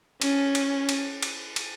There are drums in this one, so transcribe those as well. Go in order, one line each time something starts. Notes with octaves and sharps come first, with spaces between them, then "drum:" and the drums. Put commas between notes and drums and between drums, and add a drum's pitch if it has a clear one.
C#4, drum: cymbal
drum: cymbal
drum: cymbal
drum: cymbal
drum: cymbal